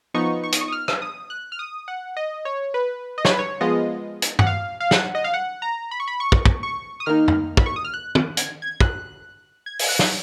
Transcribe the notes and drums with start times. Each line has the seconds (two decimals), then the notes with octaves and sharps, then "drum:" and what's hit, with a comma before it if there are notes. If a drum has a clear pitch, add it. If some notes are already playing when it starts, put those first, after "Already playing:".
0.14 F3 B3 D#4 C#6
0.44 C#6
0.52 D#6, drum: hi-hat
0.61 C#6
0.68 D#6
0.72 F6
0.88 drum: rim click
1.02 D#6
1.30 F#6
1.52 F6
1.59 D#6
1.88 F#5
2.17 D#5
2.45 C#5
2.74 B4
3.18 D#5
3.25 C#5, drum: snare
3.31 B4
3.39 C#5
3.61 F3 G#3 B3 F4 D#5
4.22 drum: hi-hat
4.39 F#5, drum: tom
4.47 F5
4.80 F5
4.91 F#5, drum: snare
5.15 D#5
5.24 F5
5.34 F#5
5.62 A#5
5.91 B5
6.00 C#6
6.08 B5
6.20 C#6
6.32 drum: kick
6.46 drum: kick
6.63 C#6
7.00 D#6
7.06 D#3 A#3 D#4 F6
7.28 drum: tom
7.57 B5, drum: kick
7.66 C#6
7.76 D#6
7.85 F6
7.94 F#6
8.15 drum: tom
8.37 G#6, drum: hi-hat
8.62 G#6
8.80 F#6, drum: kick
9.66 G#6
9.79 drum: open hi-hat
9.89 F#6
9.99 drum: snare